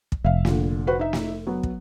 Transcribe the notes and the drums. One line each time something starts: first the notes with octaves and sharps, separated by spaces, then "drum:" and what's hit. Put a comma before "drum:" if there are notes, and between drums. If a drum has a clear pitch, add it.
drum: kick
F1 E5 F5
A#2 D3, drum: snare
F#4 B4 C5
D#4 E5
drum: snare
F#3 B3
drum: kick